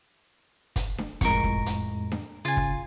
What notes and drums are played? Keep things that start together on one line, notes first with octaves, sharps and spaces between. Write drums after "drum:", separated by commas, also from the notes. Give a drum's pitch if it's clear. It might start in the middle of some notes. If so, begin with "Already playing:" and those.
drum: kick, hi-hat
drum: snare D4
F2 A2 G#3 A#4 C#6, drum: kick, hi-hat
drum: kick
drum: hi-hat
drum: snare D4
C#3 F4 G#5 A6
drum: kick